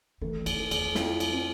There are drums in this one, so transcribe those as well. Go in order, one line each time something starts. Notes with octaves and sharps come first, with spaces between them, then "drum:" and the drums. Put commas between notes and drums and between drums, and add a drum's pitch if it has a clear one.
E3 A3
F2, drum: cymbal
A4
E2, drum: cymbal
F2 E4, drum: snare
drum: cymbal
C4